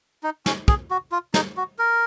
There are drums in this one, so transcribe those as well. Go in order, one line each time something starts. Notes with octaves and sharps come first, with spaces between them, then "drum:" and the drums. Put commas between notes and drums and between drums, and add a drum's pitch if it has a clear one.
D#4
C#4, drum: snare
G#4, drum: kick
F#4
F4
D#4, drum: snare
F#4
A#4